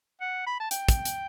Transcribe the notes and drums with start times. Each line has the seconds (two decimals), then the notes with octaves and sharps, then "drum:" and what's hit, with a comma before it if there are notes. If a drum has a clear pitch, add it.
0.21 F#5
0.47 B5
0.60 A5
0.71 G5, drum: hi-hat
0.89 drum: kick, hi-hat
1.05 drum: hi-hat